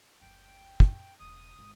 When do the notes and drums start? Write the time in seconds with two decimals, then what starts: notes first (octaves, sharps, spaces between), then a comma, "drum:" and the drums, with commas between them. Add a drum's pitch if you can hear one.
0.22 F#1 D2 G5
0.80 drum: kick
1.20 E1 C#3 D#6
1.59 G#1